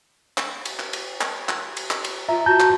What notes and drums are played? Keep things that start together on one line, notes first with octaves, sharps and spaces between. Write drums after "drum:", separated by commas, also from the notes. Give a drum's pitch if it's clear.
drum: clap
drum: cymbal
drum: clap
drum: cymbal
drum: clap
drum: clap
drum: cymbal
drum: clap
drum: cymbal
F4 E5 A#5
F#4 A5 A#5 G6
drum: clap